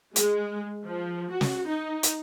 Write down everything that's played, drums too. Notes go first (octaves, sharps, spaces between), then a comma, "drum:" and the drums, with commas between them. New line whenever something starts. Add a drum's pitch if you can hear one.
G#3, drum: hi-hat
F3
F#4
drum: snare
D#4
drum: hi-hat